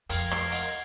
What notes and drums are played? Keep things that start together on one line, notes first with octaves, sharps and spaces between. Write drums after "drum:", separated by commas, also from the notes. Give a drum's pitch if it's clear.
F2 A#4 F5 G5 C6 F6 G#6, drum: hi-hat
drum: rim click
D#5 F#5, drum: hi-hat